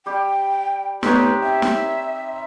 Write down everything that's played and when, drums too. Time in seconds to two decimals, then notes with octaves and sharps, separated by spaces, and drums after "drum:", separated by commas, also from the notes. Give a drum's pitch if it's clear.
0.06 G3 G4 G5
1.03 A3 B3 C4 D#4 G4 B4 C#5, drum: snare
1.43 E5 G5
1.62 drum: snare